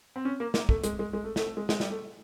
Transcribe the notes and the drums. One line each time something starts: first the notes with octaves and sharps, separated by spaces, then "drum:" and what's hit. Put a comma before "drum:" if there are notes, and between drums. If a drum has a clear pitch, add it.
C4
C#4
A#3
A#3, drum: snare
A3, drum: kick
G#3, drum: hi-hat
G#3
G#3
A3
A3, drum: snare
A3
G#3
G#3, drum: snare
G3, drum: snare
A3